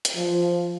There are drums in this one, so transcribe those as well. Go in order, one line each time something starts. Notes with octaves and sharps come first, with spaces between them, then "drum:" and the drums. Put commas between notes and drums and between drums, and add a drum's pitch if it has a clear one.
drum: hi-hat
F3